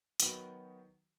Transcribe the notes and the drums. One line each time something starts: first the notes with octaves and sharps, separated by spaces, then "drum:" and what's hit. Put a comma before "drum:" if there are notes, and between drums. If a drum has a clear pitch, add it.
D#3 F#3 B3 D#4 F#4, drum: hi-hat